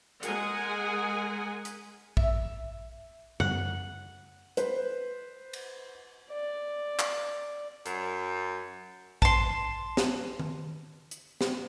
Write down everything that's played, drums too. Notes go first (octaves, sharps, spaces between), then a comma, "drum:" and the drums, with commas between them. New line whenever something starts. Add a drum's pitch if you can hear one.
G#3 G#4 A#4 F#5 G#5, drum: hi-hat
drum: hi-hat
E5, drum: kick
F#5, drum: tom F#2
B4 C5, drum: hi-hat
drum: cymbal
D5
drum: clap
F#2, drum: hi-hat
A5 C6, drum: kick
drum: snare
drum: tom D#3
drum: hi-hat
drum: snare